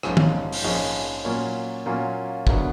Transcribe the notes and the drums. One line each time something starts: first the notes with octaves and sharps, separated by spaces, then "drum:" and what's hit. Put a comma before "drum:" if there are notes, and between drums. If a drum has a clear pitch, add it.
A#1 G#2 F3 G#3 C#4, drum: rim click
drum: tom
drum: open hi-hat
A#1 G#2 F3 G#3 C#4
A#2 F#3 A#3 C#4 F4
A#2 F#3 A#3 C#4 F4
F#1 D3 F#3 B3, drum: kick